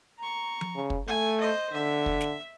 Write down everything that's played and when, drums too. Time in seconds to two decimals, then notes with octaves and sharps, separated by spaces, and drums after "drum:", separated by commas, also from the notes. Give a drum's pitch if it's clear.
0.19 A#5 C#6
0.61 drum: tom F3
0.76 C#3
0.90 drum: kick
1.08 A3 G#5
1.40 C5 D#5
1.73 D3 E5
2.06 drum: kick
2.21 drum: snare